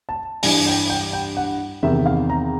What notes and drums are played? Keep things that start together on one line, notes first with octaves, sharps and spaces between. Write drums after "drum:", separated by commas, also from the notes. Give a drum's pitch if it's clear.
A5
G2 E3 G#5, drum: open hi-hat
G5
G5
G5
F#5
E2 C3 D#3 E5
F5
A#5